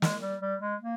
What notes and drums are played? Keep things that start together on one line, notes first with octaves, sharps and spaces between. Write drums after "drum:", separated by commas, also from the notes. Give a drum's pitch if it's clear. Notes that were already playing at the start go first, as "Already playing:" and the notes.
G#3, drum: snare
G3
G3
G#3
A#3